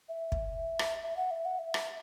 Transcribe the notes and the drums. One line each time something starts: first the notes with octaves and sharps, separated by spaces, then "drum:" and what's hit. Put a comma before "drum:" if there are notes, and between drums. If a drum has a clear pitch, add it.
E5
drum: kick
drum: rim click
E5
F#5
E5
F#5
E5
drum: rim click